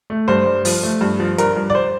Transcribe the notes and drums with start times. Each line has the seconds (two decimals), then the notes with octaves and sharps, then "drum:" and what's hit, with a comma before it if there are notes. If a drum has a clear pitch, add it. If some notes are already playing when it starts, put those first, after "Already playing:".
0.10 A3
0.28 G2 C5
0.46 G2
0.65 F3, drum: open hi-hat
0.83 A3
1.01 G2
1.20 F3
1.38 G2 A#4, drum: hi-hat
1.56 G2
1.70 D5
1.75 C5